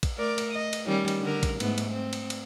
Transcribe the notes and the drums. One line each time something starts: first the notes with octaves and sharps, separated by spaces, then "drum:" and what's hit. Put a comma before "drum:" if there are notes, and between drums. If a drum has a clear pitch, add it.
drum: kick, cymbal
A3 A#4 D5
drum: cymbal
D#5
drum: cymbal
D#3 G3 C#4
drum: cymbal
D3 A#4
drum: kick, cymbal
G#2 A3 B3, drum: cymbal
drum: cymbal
C4
drum: cymbal
drum: cymbal